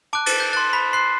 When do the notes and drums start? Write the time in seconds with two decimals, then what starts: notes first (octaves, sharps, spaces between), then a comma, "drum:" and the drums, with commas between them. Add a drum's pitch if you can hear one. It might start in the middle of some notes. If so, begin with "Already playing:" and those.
0.13 A5 D6 F#6 D7
0.26 A6, drum: cymbal
0.40 G6
0.53 C6 F#6 A6
0.73 B5 B6
0.93 C6 F#6 C7